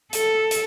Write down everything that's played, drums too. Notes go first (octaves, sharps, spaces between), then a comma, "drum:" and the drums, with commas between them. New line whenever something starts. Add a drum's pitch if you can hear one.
A4, drum: hi-hat
drum: hi-hat